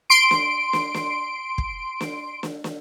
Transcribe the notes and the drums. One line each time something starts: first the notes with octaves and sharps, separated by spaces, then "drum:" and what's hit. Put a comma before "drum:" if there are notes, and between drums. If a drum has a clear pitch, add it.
C6 D7
drum: snare
drum: snare
drum: snare
drum: kick
drum: snare
drum: snare
drum: snare